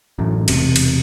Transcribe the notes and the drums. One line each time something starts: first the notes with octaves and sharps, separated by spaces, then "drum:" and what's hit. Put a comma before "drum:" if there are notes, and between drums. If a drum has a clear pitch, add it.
A1 F#2 A2
E1 C3, drum: cymbal
drum: cymbal